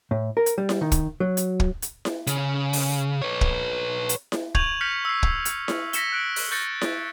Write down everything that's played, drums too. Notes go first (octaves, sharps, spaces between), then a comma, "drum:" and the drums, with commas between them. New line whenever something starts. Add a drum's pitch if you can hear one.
A2
A#4
drum: hi-hat
G3
drum: snare E4
D#3
drum: kick, hi-hat
F#3
drum: hi-hat
drum: kick
drum: hi-hat
drum: snare E4
C#3, drum: hi-hat
drum: open hi-hat
B4 C#5
drum: kick
drum: hi-hat
drum: snare E4
C#6 G6 G#6 D#7 F7 F#7, drum: kick
F6 G6 A#6 B6 C#7 F7
E6 C7
drum: kick
drum: hi-hat
drum: snare E4
A#6 B6 C#7 E7 G7, drum: hi-hat
F#6 D7 F#7
drum: open hi-hat
C#6 G6 A6 A#6 C#7
drum: snare E4